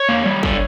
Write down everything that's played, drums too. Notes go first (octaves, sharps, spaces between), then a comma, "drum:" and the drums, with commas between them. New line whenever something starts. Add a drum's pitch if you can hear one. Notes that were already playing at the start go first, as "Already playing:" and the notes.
Already playing: C#5
A#3
G3
D3, drum: kick